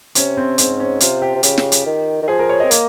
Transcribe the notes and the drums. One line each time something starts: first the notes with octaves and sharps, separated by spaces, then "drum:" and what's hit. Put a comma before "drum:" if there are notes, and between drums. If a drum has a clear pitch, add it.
C3 C#4, drum: hi-hat
C4
G#2 C4, drum: hi-hat
C#4
C3 F4, drum: hi-hat
G4
C3
C#3 G4, drum: hi-hat
drum: snare
drum: hi-hat
D#3
D#3
F3 G#4
A#4
C#5
C4 D#5
A#3, drum: hi-hat